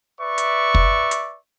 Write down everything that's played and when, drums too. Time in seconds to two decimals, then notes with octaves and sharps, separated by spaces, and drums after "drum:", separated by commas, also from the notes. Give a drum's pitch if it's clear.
0.19 B4 D5 E5 C#6
0.38 drum: hi-hat
0.74 drum: kick
1.11 drum: hi-hat